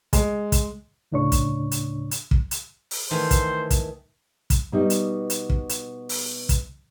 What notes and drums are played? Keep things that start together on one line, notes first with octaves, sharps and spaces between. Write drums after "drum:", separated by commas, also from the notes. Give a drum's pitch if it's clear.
G#3, drum: kick, hi-hat
drum: kick, hi-hat
D2 A2 C#3 D4 C#5 C#6
drum: kick, hi-hat
drum: hi-hat
drum: hi-hat
drum: kick
drum: hi-hat
drum: open hi-hat
D#3 E3 A3 C5
drum: kick, hi-hat
drum: kick, hi-hat
drum: kick, hi-hat
B2 G3 D#4
drum: hi-hat
drum: hi-hat
drum: kick
drum: hi-hat
drum: open hi-hat
drum: kick, hi-hat